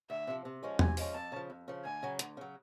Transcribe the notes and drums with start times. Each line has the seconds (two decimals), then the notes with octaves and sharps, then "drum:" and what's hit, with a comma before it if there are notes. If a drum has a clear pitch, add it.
0.10 D2 E5
0.27 C3 F3
0.45 C3
0.63 F3 G#3 C#4
0.79 C3 G#5, drum: tom E2
0.97 F3 G#3 C#4, drum: open hi-hat
1.14 F2 A5
1.32 C#3 F3
1.50 F2
1.68 C#3 F3
1.85 D2 G#5
2.03 C#3 F#3
2.19 D2, drum: hi-hat
2.37 C#3 F#3